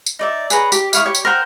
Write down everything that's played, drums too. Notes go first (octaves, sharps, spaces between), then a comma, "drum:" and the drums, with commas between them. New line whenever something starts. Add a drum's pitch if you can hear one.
drum: tambourine
D#4 D5 E5
G#4 B4 C#5 A#5, drum: tambourine
G4, drum: tambourine
E4 F5 C#6 D#6, drum: tambourine
G4 C#5
drum: tambourine
A#4 C5 F#5 G5